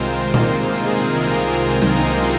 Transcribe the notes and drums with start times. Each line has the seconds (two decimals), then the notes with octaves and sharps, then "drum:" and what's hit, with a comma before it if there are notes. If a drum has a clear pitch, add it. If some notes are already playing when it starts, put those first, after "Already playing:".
Already playing: C2 C3 D#3 G#3 C4 F4 A#4 C5
0.13 G#3 C4
0.34 C2 C3 D#3 A#3 D#4, drum: tom A#2
0.75 F4
0.86 G#4
0.97 C4 F4
1.15 C2 C3 D#3 A#4
1.24 G#4
1.31 F4 A#4
1.82 drum: tom F#3
1.95 C2 C3 D#3 A#3 D#4
2.22 G#3 C4